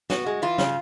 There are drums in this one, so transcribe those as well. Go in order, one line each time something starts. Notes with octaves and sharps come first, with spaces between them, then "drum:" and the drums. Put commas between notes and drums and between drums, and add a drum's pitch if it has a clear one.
B3 F#4, drum: snare
G#3
E3 F4
C#3, drum: snare